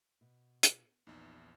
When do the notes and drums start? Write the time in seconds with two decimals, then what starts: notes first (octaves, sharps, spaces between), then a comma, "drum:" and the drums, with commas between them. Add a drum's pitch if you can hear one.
0.21 B2
0.63 drum: hi-hat
1.07 A#1 E2 D#4